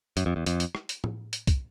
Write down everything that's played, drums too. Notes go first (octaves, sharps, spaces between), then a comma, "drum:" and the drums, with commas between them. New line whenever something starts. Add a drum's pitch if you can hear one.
F#2, drum: hi-hat
F2
E2
F2, drum: hi-hat
drum: hi-hat
drum: rim click
drum: hi-hat
drum: tom
drum: hi-hat
drum: kick, hi-hat